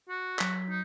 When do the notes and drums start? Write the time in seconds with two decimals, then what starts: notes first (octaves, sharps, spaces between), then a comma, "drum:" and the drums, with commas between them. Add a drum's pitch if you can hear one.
0.09 F#4
0.39 F#3 B6, drum: clap
0.70 D#4